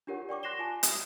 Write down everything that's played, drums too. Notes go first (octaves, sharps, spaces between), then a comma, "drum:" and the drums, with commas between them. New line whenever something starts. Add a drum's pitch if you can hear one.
D4 F4 G4 A#4 C#5 F#5
D5 G5 C#6 D6
C6 F#6 A#6 C7 E7 G7
F4 G#5 A5 D6
D#6, drum: hi-hat